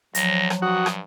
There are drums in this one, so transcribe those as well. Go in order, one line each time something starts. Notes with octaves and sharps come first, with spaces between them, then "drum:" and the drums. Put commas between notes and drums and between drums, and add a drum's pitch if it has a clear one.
D2 F3 F#3 A#6, drum: hi-hat
drum: rim click
G2 F#4 D#6
drum: rim click